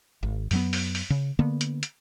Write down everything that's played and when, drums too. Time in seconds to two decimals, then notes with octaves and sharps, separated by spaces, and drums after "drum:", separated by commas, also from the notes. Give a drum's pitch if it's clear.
0.23 G#1
0.51 F#2 F#3 B3, drum: open hi-hat
0.73 drum: open hi-hat
0.95 drum: open hi-hat
1.10 C#3
1.39 D3 A#3 B3
1.61 drum: hi-hat
1.83 drum: hi-hat